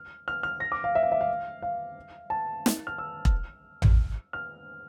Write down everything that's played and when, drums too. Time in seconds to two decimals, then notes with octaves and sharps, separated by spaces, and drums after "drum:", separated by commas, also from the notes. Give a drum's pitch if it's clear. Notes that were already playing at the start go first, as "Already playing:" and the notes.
Already playing: F6
0.28 F6
0.43 F6
0.60 A#6
0.72 D6
0.84 F5
0.95 E5
1.03 F5
1.12 E5
1.21 F5
1.62 F5
2.30 A5
2.66 drum: snare
2.87 F6
2.98 E6
3.25 drum: kick E1
3.82 drum: tom A1
4.33 F6